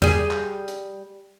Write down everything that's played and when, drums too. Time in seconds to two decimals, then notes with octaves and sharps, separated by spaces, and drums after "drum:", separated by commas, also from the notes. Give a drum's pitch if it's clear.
0.02 G3 G#4, drum: tom E2
0.31 drum: clap
0.68 drum: hi-hat